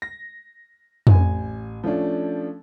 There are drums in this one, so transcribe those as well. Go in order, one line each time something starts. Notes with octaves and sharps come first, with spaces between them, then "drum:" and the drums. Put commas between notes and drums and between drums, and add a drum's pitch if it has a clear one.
A#6
A1 G#5, drum: tom F2
F3 A3 C#4 D4